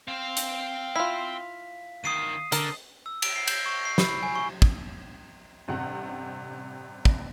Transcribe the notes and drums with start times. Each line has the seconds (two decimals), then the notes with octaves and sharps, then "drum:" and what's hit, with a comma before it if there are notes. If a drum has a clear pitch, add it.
0.08 C4 F5
0.37 drum: hi-hat
0.96 E4 F4 B6
2.04 D2 D#3 D#6 C7 D#7
2.52 D3 A4 A#4 D5, drum: hi-hat
3.06 E6
3.22 D7, drum: cymbal
3.36 C7
3.48 G6, drum: cymbal
3.66 C#6
3.85 C7
3.98 B5, drum: snare
4.10 C7
4.23 G#5
4.35 C#6
4.62 drum: kick
5.68 A1 G2 C3 F#5
7.05 drum: kick